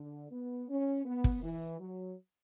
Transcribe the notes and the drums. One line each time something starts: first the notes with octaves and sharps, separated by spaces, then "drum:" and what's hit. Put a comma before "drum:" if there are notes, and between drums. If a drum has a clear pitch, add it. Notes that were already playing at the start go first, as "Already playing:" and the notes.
Already playing: D3
B3
C#4
B3
drum: kick
E3
F#3